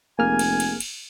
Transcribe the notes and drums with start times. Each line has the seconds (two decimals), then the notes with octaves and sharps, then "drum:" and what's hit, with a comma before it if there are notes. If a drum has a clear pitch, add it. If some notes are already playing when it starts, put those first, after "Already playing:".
0.19 F1 A#3 G#4 G#5 F6
0.39 drum: cymbal
0.60 drum: cymbal
0.80 drum: cymbal